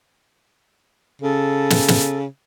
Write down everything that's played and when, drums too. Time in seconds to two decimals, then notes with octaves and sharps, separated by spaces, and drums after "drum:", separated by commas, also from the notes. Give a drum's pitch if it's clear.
1.22 C#3 A4
1.71 drum: snare
1.89 drum: snare